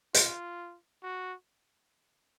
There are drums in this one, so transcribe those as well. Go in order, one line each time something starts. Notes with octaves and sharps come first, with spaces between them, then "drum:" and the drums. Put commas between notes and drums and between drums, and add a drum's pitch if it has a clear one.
F4, drum: hi-hat
F#4